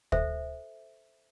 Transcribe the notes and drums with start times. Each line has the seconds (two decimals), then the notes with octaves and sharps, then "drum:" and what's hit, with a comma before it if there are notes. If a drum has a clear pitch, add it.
0.12 A4 C5 E5, drum: kick